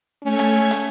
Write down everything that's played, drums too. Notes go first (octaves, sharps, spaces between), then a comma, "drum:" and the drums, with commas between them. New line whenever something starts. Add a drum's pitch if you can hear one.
A3 C#4 G#6
drum: hi-hat
drum: hi-hat